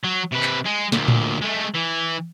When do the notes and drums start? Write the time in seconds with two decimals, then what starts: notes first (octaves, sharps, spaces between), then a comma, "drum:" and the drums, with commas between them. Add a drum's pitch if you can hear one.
0.04 F#3
0.32 C3 B4
0.43 drum: clap
0.65 G#3
0.92 D2 A#2, drum: snare
1.08 drum: tom A2
1.41 G#3 A3
1.74 E3